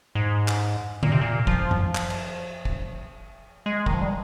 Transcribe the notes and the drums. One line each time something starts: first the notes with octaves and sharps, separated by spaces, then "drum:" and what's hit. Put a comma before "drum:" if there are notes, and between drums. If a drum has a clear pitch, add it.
G#2
drum: clap
A#2, drum: tom D3
C3
A#2
F3, drum: kick
drum: tom F#2
drum: clap
drum: cymbal
drum: kick
G#3
D#3, drum: kick
F3
G3